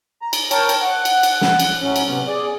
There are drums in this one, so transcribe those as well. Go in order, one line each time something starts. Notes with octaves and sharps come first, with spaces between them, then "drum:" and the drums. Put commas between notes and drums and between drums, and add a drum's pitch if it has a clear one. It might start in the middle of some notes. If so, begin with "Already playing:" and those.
A#5
drum: cymbal
A#4 C#5 G5 A5, drum: cymbal
drum: cymbal
F#5
drum: cymbal
drum: cymbal
drum: snare
drum: cymbal
A2 F#3 C#4
drum: cymbal
C3 B3
G#4 D5